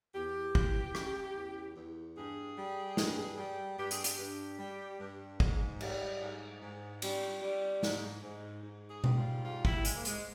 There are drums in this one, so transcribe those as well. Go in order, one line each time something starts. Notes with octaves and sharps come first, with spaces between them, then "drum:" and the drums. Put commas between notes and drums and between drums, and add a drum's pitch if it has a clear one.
E2 G4
E2, drum: kick
C#3, drum: rim click
E2
E2
G2 G#4
G3
G2, drum: snare
G3
G2 G4
G#4, drum: hi-hat
G4, drum: hi-hat
G2
G3
G2
G#2, drum: kick
G3, drum: cymbal
G#2
G#2
G3, drum: cymbal
G3
G#2, drum: snare
G#2
G#2
G#4
G3, drum: tom B2
F4
G#2 F4
E4, drum: kick
G#2 G#3, drum: hi-hat
A#3
G#3, drum: hi-hat